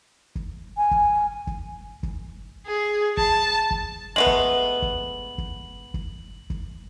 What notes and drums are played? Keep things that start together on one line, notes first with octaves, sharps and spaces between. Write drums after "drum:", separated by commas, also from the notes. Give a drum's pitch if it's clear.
drum: kick
G#5
drum: kick
drum: kick
drum: kick
G#4
A5, drum: kick
drum: kick
G#3 A3 B3 F#7
drum: kick
drum: kick
drum: kick
drum: kick
drum: kick